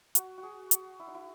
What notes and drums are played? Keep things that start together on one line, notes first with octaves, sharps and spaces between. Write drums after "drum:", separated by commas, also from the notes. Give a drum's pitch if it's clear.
F#4, drum: hi-hat
F#4
G#4
F#4, drum: hi-hat
E4
D#4
E4